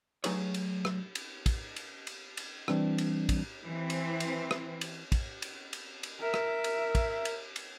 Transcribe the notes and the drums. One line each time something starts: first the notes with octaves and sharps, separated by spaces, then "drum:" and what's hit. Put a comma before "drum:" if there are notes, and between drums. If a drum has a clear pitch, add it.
F#3 A3 D#4 G#4 B4 C#5, drum: cymbal
drum: cymbal
drum: rim click
drum: cymbal
drum: kick, cymbal
drum: cymbal
drum: cymbal
drum: cymbal
E3 G3 C4 D4, drum: rim click
drum: cymbal
drum: kick, cymbal
E3 C4
drum: cymbal
drum: cymbal
drum: rim click
drum: cymbal
drum: kick, cymbal
drum: cymbal
drum: cymbal
drum: cymbal
A#4 E5
drum: rim click
drum: cymbal
drum: kick, cymbal
drum: cymbal
drum: cymbal